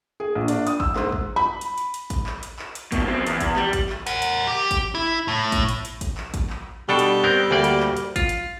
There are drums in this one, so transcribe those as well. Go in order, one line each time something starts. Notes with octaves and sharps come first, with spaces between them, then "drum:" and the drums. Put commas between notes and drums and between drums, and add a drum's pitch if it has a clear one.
G#4
A#1
D4, drum: hi-hat
D#6, drum: hi-hat
E6, drum: kick A1
G#2, drum: clap
drum: kick A1
B5
drum: hi-hat
drum: hi-hat
drum: hi-hat
drum: kick A1, hi-hat
drum: clap
drum: hi-hat
drum: clap
drum: hi-hat
G2 B2, drum: kick A1, hi-hat
F#2 C4
E2, drum: hi-hat
drum: kick A1, hi-hat
G3, drum: clap
drum: kick A1, hi-hat
drum: clap
A#4 F#5, drum: hi-hat
drum: hi-hat
G4
drum: kick A1, hi-hat
E4
A2
drum: kick A1, hi-hat
drum: hi-hat
drum: hi-hat
drum: kick A1, hi-hat
drum: clap
drum: kick A1, hi-hat
drum: clap
B2 G3 D4 A4
drum: hi-hat
B3 C4 A#4
D2 A#3 D5
drum: hi-hat
drum: clap
drum: hi-hat
F4, drum: kick A1, hi-hat
drum: hi-hat